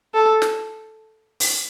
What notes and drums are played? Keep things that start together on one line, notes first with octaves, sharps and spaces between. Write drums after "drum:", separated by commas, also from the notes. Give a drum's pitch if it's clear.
A4
drum: snare
drum: open hi-hat